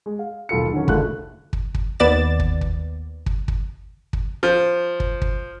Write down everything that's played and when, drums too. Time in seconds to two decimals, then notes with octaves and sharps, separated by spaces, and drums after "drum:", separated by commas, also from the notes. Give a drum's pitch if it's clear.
0.06 G#3
0.19 F5
0.49 D#1 B1 F4 A4 B5 C#7
0.72 D3 D#3 F#3 C#4
0.88 F#1 D2 G#3 A3 F4 F#6, drum: kick
1.53 drum: kick
1.75 drum: kick
2.00 D#2 B3 D5 A6 E7
2.40 drum: kick
2.61 drum: kick
3.26 drum: kick
3.48 drum: kick
4.13 drum: kick
4.43 F3
5.00 drum: kick
5.22 drum: kick